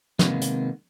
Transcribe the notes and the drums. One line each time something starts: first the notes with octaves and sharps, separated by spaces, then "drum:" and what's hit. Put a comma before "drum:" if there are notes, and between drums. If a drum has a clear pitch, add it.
C3 D#3 G#3 A#3 B3 D#4, drum: snare
drum: hi-hat